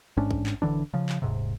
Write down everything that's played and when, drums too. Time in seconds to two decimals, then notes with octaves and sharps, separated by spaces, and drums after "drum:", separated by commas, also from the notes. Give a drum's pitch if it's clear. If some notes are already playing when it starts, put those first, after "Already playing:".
0.17 A1 G#2 C#4 D4
0.31 drum: kick
0.46 drum: clap
0.62 D#1 D3 E3 D4
0.93 C#3 F3
1.09 drum: clap
1.22 D#1 G#2 C3